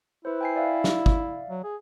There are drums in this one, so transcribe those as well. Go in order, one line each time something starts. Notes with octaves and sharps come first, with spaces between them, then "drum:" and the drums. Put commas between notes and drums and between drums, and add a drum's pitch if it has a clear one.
E4 B4 C5
G5 G#5 C7
D5 E5 F5
drum: snare
drum: kick
F#3
G#4